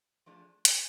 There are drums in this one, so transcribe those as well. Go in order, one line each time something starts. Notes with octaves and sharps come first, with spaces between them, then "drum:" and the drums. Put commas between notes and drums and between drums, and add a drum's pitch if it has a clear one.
F3 A3 D4 G#4
G#5, drum: hi-hat